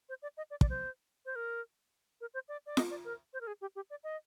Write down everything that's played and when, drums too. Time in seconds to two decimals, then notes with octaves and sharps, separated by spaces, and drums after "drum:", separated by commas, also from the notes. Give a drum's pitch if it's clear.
0.09 C5
0.22 D5
0.37 D#5
0.51 D5
0.61 D5, drum: kick
0.70 C5
1.26 C5
1.36 A#4
2.21 A#4
2.34 C5
2.49 D5
2.66 D5
2.77 D#5, drum: snare F4
2.91 D5
3.05 A#4
3.33 C5
3.41 A#4
3.47 G#4
3.61 G4
3.76 G4
3.90 D5
4.04 D#5